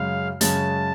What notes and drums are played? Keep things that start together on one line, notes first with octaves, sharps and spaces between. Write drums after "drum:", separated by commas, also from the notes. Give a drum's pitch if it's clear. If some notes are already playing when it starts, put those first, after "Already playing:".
Already playing: F#2 C#3 G#3 C#4 F5
F#2 C#3 G#3 C#4 A5, drum: hi-hat